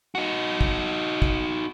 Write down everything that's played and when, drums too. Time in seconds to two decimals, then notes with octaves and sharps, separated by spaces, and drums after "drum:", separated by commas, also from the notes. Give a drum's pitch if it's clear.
0.15 D#4 F#4
0.61 drum: kick
1.22 drum: kick